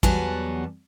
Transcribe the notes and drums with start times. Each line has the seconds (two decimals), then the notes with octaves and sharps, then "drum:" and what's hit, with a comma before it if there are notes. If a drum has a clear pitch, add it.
0.03 E2 F#3 G3 B3 G#5 A5, drum: kick